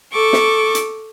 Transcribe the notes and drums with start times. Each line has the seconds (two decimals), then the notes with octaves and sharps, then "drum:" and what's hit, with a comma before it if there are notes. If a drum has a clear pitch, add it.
0.12 A4 C#6 D6
0.33 drum: snare
0.75 drum: hi-hat